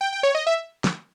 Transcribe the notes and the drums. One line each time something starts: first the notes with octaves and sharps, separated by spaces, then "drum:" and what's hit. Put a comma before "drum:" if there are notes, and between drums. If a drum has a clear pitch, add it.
G5
G5
C#5
D#5
E5
drum: snare